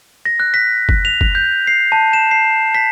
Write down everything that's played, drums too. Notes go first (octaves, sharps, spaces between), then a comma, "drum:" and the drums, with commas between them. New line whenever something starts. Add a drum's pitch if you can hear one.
A#6
F#6
B6
drum: kick F#1
F7
drum: kick F#1
G6
C7
A5
E7
C7
B6